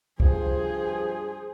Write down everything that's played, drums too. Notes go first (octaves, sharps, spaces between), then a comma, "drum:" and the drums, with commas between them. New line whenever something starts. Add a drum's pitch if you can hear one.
G2 F3 G#4 C5, drum: kick